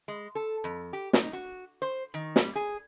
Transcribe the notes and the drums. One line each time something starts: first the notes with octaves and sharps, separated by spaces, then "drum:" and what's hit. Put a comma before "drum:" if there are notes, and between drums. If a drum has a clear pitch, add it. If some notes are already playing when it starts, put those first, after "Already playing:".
G#3
A4
F2
G4
D#4, drum: snare
F#4
C5
D#3
G3, drum: snare
G#4